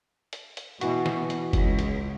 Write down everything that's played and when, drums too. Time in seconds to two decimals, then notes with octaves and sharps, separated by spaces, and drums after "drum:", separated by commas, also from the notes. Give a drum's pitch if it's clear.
0.33 drum: hi-hat
0.57 drum: hi-hat
0.81 B2 E3 F#4, drum: hi-hat
1.06 drum: snare
1.30 drum: hi-hat
1.53 C#2, drum: kick F#1, hi-hat
1.79 drum: hi-hat